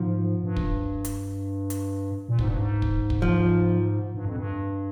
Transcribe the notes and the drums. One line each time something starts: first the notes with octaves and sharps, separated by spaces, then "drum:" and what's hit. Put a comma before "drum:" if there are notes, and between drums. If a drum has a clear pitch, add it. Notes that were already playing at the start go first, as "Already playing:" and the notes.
Already playing: G#2 F3
G2
drum: kick
drum: hi-hat
drum: hi-hat
A#2
G#2, drum: kick
G2
G#2
drum: kick
drum: kick
F3
G2
F2
G2